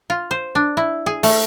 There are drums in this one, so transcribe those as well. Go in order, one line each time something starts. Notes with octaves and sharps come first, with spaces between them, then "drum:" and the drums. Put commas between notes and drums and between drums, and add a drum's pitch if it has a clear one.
F4
C5
D4
E4
G#4
A3, drum: open hi-hat